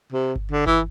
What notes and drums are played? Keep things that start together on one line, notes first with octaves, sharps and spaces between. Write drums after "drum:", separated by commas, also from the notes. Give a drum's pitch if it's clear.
C3
drum: kick G1
D3
E3, drum: kick G1